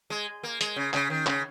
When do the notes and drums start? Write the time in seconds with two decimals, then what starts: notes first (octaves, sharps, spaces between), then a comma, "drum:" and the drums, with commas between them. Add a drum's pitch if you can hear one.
0.10 G#3
0.43 A#3
0.61 G#3, drum: hi-hat
0.76 C#3
0.94 C#3, drum: clap
1.10 D#3
1.27 C#3, drum: clap